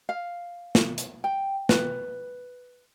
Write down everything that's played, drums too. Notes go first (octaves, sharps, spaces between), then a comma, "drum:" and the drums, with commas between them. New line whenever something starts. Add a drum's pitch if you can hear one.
F5
drum: snare
drum: hi-hat
G5
B4, drum: snare